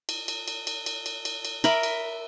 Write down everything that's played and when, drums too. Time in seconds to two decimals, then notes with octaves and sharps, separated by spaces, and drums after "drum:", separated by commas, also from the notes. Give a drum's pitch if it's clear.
0.09 drum: cymbal
0.28 drum: cymbal
0.48 drum: cymbal
0.67 drum: cymbal
0.86 drum: cymbal
1.06 drum: cymbal
1.25 drum: cymbal
1.45 drum: cymbal
1.64 A#4 E5 B5 D6, drum: cymbal
1.83 drum: cymbal